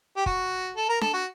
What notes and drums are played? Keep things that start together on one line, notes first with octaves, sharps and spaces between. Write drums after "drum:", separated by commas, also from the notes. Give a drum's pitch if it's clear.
G4
F#4, drum: kick
A4
A#4
A4, drum: snare D4
F#4